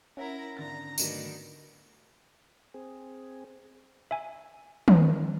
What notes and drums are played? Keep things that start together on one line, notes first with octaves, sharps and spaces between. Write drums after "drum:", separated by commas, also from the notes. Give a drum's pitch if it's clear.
C#4 E4 A#4 E5 F#5 A#5
G#1 D3 A#5 A6
G#2 D3 D#3 F#3 A3 B3 D4 D#4, drum: tambourine
C4 G#4
E5 G#5
drum: tom